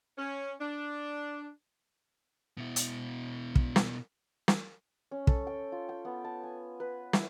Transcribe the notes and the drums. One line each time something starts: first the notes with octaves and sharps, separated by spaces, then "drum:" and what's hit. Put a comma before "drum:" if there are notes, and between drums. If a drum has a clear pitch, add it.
C#4
D4
B2 E4
drum: hi-hat
drum: kick
drum: snare
drum: snare
C#4
A4, drum: kick
G5
F4
G5
B3
A5
G#5
B4
E4, drum: snare